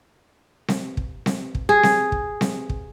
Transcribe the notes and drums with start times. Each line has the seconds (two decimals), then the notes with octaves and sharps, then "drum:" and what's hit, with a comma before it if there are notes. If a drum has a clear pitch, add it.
0.68 drum: snare C4
0.97 drum: kick
1.26 drum: snare C4
1.55 drum: kick
1.69 G#4
1.83 drum: snare C4
2.12 drum: kick
2.41 drum: snare C4
2.69 drum: kick